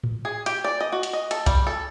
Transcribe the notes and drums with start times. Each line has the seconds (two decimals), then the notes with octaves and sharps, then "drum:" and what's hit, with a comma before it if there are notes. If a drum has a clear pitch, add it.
0.04 drum: tom A2
0.25 G#4
0.46 G4, drum: hi-hat
0.64 D5
0.81 D#5
0.92 F#4
1.03 drum: hi-hat
1.13 D#5
1.31 A4, drum: hi-hat
1.46 G3, drum: kick B1, hi-hat
1.67 A4